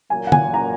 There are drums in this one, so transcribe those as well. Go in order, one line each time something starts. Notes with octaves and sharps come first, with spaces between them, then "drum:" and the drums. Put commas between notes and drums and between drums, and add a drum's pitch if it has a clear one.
A#2 F#3 A#3 G#5
F#5
G#5, drum: tom
A#5